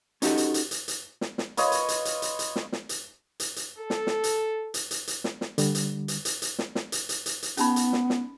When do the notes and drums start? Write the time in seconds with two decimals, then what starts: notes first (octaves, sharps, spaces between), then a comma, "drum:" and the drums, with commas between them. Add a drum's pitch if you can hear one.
0.22 C#4 D#4 F#4 G4 A4 D#5, drum: hi-hat
0.37 drum: hi-hat
0.54 drum: hi-hat
0.71 drum: hi-hat
0.88 drum: hi-hat
1.21 drum: snare
1.38 drum: snare
1.57 F4 B4 C#5 D#5, drum: hi-hat
1.72 drum: hi-hat
1.88 drum: hi-hat
2.05 drum: hi-hat
2.22 drum: hi-hat
2.39 drum: hi-hat
2.56 drum: snare
2.72 drum: snare
2.89 drum: hi-hat
3.40 drum: hi-hat
3.56 drum: hi-hat
3.79 A4
3.90 drum: snare
4.07 drum: snare
4.24 drum: hi-hat
4.74 drum: hi-hat
4.91 drum: hi-hat
5.07 drum: hi-hat
5.24 drum: snare
5.41 drum: snare
5.58 D3 G3, drum: hi-hat
5.75 drum: hi-hat
6.08 drum: hi-hat
6.25 drum: hi-hat
6.42 drum: hi-hat
6.59 drum: snare
6.75 drum: snare
6.92 drum: hi-hat
7.09 drum: hi-hat
7.26 drum: hi-hat
7.43 drum: hi-hat
7.57 B3 C#4 D#4 B5, drum: hi-hat
7.76 drum: hi-hat
7.93 drum: snare
8.10 drum: snare